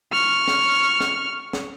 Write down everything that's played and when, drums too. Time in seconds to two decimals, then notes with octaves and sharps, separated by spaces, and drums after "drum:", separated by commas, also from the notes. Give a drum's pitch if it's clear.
0.12 C#6 F6
0.48 drum: snare
1.01 drum: snare
1.53 drum: snare